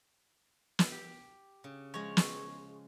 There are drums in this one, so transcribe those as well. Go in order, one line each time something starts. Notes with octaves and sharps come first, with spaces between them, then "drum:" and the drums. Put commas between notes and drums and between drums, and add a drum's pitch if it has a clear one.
drum: snare
G4
C#3
F3 G#3 C#5
drum: snare